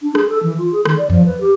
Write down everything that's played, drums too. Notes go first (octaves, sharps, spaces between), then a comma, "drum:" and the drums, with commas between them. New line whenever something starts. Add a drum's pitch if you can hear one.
D4
G#4, drum: rim click
A4
E3
F4
G#4
D#3, drum: rim click
D5
F3, drum: tom E2
B4
G4